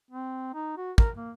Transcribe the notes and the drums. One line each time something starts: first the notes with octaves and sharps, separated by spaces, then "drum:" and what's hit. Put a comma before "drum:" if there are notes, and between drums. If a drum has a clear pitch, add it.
C4
D#4
F#4
A#4, drum: kick
A#3